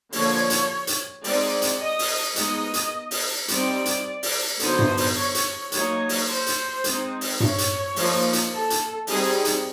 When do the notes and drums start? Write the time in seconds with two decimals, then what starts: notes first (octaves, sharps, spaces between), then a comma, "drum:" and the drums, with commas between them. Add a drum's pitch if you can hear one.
0.12 D3 F3 A#3 C#5, drum: open hi-hat
0.50 drum: hi-hat
0.87 drum: hi-hat
1.24 G#3 C4 D#4 D5, drum: open hi-hat
1.62 drum: hi-hat
1.80 D#5
1.99 drum: open hi-hat
2.36 G#3 B3 D#4 D#5, drum: hi-hat
2.74 drum: hi-hat
3.11 drum: open hi-hat
3.48 G3 C4 D#4 D5, drum: hi-hat
3.85 drum: hi-hat
4.23 drum: open hi-hat
4.59 D3 F#3 B3 D#4 C5, drum: hi-hat
4.79 drum: tom G2
4.97 drum: open hi-hat
5.16 C#5
5.35 drum: hi-hat
5.72 F#3 A#3 D#4 C#5, drum: hi-hat
6.09 drum: open hi-hat
6.27 C5
6.46 drum: hi-hat
6.84 G#3 C4 D#4, drum: hi-hat
7.21 drum: open hi-hat
7.40 C#5, drum: tom G2
7.58 drum: hi-hat
7.96 F3 A#3 D#4, drum: open hi-hat
8.33 drum: hi-hat
8.51 A4
8.70 drum: hi-hat
9.07 G3 C4 D#4 G#4, drum: open hi-hat
9.45 drum: hi-hat